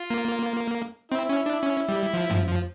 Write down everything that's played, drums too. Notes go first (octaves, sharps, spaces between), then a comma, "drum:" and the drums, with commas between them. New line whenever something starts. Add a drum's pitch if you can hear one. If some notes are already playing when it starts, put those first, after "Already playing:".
Already playing: F4
A#3
C4 E4
C#4
D4
C#4
G3
F3
F3, drum: tom
F3